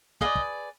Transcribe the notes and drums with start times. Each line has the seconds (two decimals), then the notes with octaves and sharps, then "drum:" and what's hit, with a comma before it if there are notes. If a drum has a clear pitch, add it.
0.21 G#4 B4 D5 D#5 F5, drum: kick
0.35 drum: kick